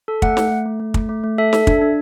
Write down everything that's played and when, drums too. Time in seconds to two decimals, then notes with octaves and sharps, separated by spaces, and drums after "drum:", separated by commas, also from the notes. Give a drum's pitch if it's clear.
0.08 A4
0.22 A3 F#5, drum: kick
0.37 A3, drum: snare
0.51 A3
0.66 A3
0.80 A3
0.94 A3, drum: kick
1.09 A3
1.24 A3
1.38 A4 E5
1.53 A4, drum: snare
1.67 D4, drum: kick
1.82 D4